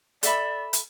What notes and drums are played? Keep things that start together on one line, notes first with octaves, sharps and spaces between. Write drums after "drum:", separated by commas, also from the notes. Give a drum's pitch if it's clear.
A4 D5 E5 B5, drum: hi-hat
drum: hi-hat